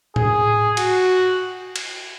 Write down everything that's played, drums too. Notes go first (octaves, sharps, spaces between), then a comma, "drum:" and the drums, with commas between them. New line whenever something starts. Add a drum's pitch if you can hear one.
G#4, drum: tom A2
F#4, drum: cymbal
drum: cymbal